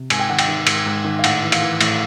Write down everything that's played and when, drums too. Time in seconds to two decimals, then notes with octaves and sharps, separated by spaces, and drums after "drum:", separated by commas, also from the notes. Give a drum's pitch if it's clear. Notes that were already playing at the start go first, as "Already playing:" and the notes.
Already playing: C3
0.10 G#2 G#5, drum: cymbal
0.20 G5
0.29 D#3 F#5
0.39 G5, drum: cymbal
0.48 D#3
0.67 G#2, drum: cymbal
0.86 G#2
1.04 D#3
1.19 F5
1.24 A2 F#5, drum: cymbal
1.43 E3
1.52 F5, drum: cymbal
1.62 E3
1.81 A2, drum: cymbal